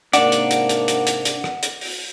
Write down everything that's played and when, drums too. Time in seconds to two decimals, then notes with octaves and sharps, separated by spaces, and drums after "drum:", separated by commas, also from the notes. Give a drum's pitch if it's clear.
0.13 G#2 C3 A#3 D4 D5 F#5, drum: hi-hat
0.32 drum: hi-hat
0.51 drum: hi-hat
0.69 drum: hi-hat
0.88 drum: hi-hat
1.07 drum: hi-hat
1.25 drum: hi-hat
1.44 drum: rim click
1.63 drum: hi-hat
1.81 drum: open hi-hat